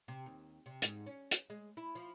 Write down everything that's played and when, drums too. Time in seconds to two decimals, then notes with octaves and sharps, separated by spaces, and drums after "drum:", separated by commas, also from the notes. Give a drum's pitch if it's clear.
0.08 C3
0.26 D#2
0.66 C3
0.82 G#2, drum: hi-hat
1.06 C#4
1.31 drum: hi-hat
1.50 G#3
1.77 E4
1.95 F3